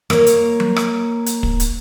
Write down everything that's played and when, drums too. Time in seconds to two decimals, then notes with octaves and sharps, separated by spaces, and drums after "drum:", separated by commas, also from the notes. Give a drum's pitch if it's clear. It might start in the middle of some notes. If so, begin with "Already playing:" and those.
0.10 A#3 C#5, drum: rim click
0.27 drum: hi-hat
0.60 drum: tom F#3
0.76 drum: rim click
1.26 drum: hi-hat
1.43 drum: kick
1.60 drum: hi-hat